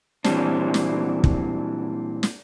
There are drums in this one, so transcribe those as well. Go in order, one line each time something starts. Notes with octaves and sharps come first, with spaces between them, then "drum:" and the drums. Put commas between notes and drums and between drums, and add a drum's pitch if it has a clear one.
A#2 E3 F#3 G3 C4 D4, drum: snare
drum: snare
drum: kick
drum: snare